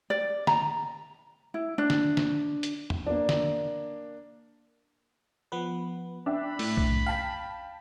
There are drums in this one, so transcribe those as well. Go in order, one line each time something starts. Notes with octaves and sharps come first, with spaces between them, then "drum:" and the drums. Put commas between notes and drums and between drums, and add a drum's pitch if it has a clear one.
D5
A#5, drum: snare
E4
D4
drum: snare
drum: snare
drum: hi-hat
drum: tom E2
A#3 D4
drum: snare
F3 B3 B4
D4 E5 G5 B5
A2, drum: open hi-hat
drum: kick B1
F5 G5 A5 B6